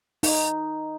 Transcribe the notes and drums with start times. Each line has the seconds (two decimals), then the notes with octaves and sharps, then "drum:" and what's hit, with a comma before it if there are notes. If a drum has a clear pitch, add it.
0.23 D#4, drum: open hi-hat